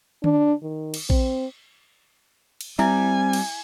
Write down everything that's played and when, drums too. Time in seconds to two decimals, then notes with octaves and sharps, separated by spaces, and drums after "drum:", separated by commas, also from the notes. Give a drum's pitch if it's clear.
0.24 D4, drum: tom D3
0.63 D#3
0.94 drum: cymbal
1.10 C4, drum: kick A#1
2.61 drum: cymbal
2.79 G3 C4 E4 E5 G#5, drum: tambourine
3.33 drum: cymbal